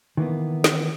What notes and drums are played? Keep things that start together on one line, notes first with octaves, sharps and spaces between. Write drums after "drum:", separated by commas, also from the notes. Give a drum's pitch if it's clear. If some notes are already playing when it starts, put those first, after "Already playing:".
D#3 E3 A#3 B3
drum: snare